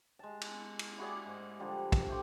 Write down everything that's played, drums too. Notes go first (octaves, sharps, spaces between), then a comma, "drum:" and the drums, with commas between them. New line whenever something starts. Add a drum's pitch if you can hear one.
G#3 A5
drum: cymbal
drum: cymbal
E4 F#4 G#4 D5
G#2
D3 F3 G3
drum: kick, cymbal
A3 G4 C6